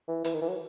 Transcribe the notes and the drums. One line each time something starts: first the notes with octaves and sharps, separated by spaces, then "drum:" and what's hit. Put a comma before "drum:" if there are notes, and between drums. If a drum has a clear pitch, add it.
E3
E3, drum: hi-hat
D#3
E3
F#3